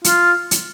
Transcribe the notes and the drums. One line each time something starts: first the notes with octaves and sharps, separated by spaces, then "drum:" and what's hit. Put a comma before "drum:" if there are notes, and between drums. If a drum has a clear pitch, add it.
F4, drum: hi-hat
drum: hi-hat